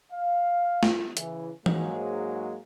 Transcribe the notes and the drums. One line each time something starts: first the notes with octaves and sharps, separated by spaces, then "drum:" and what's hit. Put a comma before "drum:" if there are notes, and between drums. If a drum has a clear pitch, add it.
F5
drum: snare
C#3 E3, drum: hi-hat
G#2 F#3 G#3 A#3, drum: tom E3